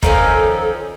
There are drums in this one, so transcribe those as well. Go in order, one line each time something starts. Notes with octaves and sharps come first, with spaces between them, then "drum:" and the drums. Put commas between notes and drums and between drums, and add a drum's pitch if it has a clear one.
D#3 F3 C#4 D#4 A4 A#4 D5, drum: kick